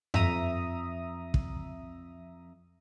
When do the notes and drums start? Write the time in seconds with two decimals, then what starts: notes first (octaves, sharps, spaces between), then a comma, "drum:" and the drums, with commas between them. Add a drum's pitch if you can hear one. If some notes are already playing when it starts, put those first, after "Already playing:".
0.14 F2 E5 A#5 D#6, drum: tom F#2
1.34 drum: kick